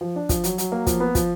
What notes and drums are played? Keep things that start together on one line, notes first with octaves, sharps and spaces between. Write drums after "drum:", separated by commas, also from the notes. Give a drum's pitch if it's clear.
F3
D4
F3, drum: kick, hi-hat
F#3, drum: hi-hat
F#3, drum: hi-hat
A#3
F3, drum: kick, hi-hat
B3
F3, drum: kick, hi-hat